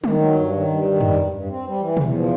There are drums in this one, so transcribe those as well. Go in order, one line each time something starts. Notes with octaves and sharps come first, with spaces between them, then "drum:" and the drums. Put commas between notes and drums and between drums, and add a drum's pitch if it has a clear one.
D#3, drum: tom
F#3
G2
D#3
G2
D#3
G3, drum: tom
G2
G2
C4
G3
E3
E2, drum: tom B2
F3